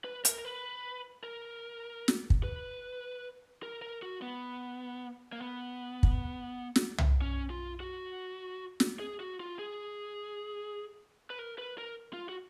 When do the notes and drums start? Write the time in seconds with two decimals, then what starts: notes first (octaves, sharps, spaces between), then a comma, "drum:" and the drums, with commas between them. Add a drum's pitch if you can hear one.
0.04 B4
0.25 A#4, drum: hi-hat
0.38 A#4
0.45 B4
1.23 A#4
2.08 drum: snare
2.30 drum: kick
2.44 B4
3.63 A#4
3.82 A#4
4.02 F#4
4.22 B3
5.32 A#3
5.41 B3
6.03 drum: kick
6.76 drum: snare
6.98 drum: tom
7.21 C#4
7.50 F4
7.80 F#4
8.80 drum: snare
9.00 G#4
9.20 F#4
9.40 F4
9.59 G#4
11.30 B4
11.39 A#4
11.58 B4
11.78 A#4
12.13 F4
12.29 F#4